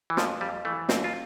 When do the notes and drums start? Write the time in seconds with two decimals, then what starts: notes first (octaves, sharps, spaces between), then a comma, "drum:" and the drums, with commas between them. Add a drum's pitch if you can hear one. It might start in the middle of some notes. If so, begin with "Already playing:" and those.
0.10 E3
0.17 F2 F3, drum: snare
0.41 F2 G3
0.65 E3 A3
0.89 F2 C4, drum: snare
1.04 F4